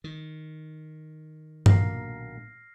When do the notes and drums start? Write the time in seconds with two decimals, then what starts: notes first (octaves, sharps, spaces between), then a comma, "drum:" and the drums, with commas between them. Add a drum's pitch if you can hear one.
0.04 D#3
1.66 B1 A#2 A#3 D4 F6 A#6 C7, drum: tom G2